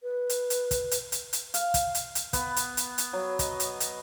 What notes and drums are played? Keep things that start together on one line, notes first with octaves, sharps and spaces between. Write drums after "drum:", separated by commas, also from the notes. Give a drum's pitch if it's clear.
B4
drum: hi-hat
drum: hi-hat
drum: kick, hi-hat
drum: hi-hat
drum: hi-hat
drum: hi-hat
F5, drum: hi-hat
drum: kick, hi-hat
drum: hi-hat
drum: hi-hat
B3, drum: kick, hi-hat
drum: hi-hat
drum: hi-hat
drum: hi-hat
F#3
D#5, drum: kick, hi-hat
drum: hi-hat
drum: hi-hat